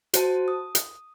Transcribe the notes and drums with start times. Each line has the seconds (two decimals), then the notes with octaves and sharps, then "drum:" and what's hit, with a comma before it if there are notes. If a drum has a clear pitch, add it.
0.14 F#4 C5 A5, drum: hi-hat
0.48 D#6
0.75 drum: hi-hat